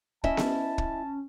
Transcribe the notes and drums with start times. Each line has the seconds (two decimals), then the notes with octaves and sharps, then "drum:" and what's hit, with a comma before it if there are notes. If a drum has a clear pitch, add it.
0.24 C#4 E4 D#5 E5 A5, drum: kick
0.37 drum: snare B3
0.78 drum: kick